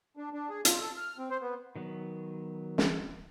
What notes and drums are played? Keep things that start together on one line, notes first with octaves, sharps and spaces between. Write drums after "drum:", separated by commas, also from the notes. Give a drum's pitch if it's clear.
D4
D4
G#4
F4, drum: hi-hat
A4
F6
C4
C5
B3
D#3 F#3 B3
drum: snare